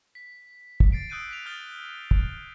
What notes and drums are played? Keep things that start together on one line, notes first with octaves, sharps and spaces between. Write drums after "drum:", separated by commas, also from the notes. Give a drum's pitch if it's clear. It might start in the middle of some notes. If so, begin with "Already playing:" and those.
B6
drum: kick
A6 C7 D7
D#6 E6 F#6 G6 D7 D#7
F#6 B6 F7
D#6 F6 G6 A6 G7
drum: kick